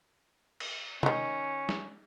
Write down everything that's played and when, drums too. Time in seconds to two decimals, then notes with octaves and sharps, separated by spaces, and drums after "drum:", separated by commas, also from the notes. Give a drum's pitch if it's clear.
0.60 drum: cymbal
1.03 D#3 E3 C#4, drum: tom
1.69 drum: snare